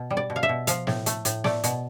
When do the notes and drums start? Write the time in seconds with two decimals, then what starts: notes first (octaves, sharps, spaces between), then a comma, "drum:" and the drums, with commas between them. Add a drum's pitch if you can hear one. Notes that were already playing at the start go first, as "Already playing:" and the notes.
Already playing: B2
0.10 G3
0.17 D5
0.30 B2
0.36 F5
0.43 E5
0.49 B2
0.67 F3 F5, drum: hi-hat
0.87 A2, drum: snare
1.06 A3, drum: hi-hat
1.25 A2, drum: hi-hat
1.44 A3 D5, drum: snare
1.64 B2, drum: hi-hat